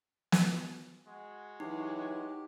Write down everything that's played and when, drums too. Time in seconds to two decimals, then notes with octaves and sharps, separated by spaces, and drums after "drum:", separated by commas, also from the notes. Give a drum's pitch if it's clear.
0.32 drum: snare
1.07 G#3 F#4
1.60 E3 F#3 D#4 G4 C#5